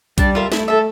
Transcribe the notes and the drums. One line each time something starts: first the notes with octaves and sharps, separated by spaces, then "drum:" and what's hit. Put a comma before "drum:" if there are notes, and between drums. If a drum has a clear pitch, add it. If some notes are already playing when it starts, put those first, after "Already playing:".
G3 D4, drum: kick B1, hi-hat
F4 A#4 E5
A3 E4, drum: snare
A4 E5